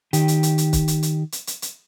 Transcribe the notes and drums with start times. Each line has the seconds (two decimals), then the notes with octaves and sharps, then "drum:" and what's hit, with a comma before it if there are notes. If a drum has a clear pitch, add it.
0.13 D#3 G4, drum: hi-hat
0.28 drum: hi-hat
0.43 drum: hi-hat
0.58 drum: hi-hat
0.73 drum: kick, hi-hat
0.88 drum: hi-hat
1.03 drum: hi-hat
1.32 drum: hi-hat
1.47 drum: hi-hat
1.62 drum: hi-hat